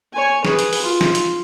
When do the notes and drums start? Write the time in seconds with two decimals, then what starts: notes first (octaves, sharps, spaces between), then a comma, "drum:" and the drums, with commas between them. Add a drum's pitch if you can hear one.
0.13 C#5 G#5
0.45 G#4 B4, drum: snare
0.59 drum: hi-hat
0.73 drum: open hi-hat
0.82 F4
1.01 drum: snare
1.15 drum: hi-hat